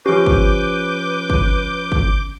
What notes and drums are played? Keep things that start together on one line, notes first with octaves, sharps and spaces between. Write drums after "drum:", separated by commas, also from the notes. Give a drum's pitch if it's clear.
F3 C#4 G4 B4 D6 G6
drum: kick
drum: kick
drum: kick